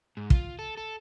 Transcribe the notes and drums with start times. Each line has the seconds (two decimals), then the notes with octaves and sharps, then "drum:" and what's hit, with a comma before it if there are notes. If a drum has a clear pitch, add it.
0.17 G#2
0.30 F4, drum: kick
0.59 A4
0.77 A4